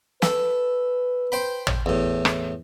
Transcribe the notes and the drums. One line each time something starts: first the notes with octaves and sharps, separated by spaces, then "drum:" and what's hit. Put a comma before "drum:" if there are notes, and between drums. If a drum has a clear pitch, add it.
A4 B4, drum: snare
C5 G5 B5
drum: tom
E2 A2
drum: rim click